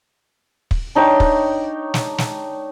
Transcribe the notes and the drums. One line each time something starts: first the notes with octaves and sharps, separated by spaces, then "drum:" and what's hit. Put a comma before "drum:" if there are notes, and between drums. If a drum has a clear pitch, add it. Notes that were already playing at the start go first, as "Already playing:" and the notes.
drum: kick
D4 D#4 C#5 G5
drum: kick
drum: snare
drum: snare